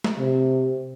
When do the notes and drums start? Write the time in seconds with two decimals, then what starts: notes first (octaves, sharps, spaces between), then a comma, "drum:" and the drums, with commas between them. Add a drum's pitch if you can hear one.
0.04 drum: snare
0.18 C3